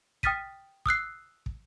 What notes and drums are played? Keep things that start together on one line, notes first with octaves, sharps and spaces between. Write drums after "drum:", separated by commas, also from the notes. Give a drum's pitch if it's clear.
G5 D#6 F6 A6 B6 D#7, drum: kick
D#6 E6 F#6 C7, drum: kick
drum: kick